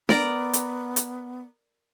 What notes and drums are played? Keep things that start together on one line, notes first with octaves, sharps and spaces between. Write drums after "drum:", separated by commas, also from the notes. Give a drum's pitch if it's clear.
B3 A#4 D5 A#5, drum: snare D4
drum: hi-hat
drum: hi-hat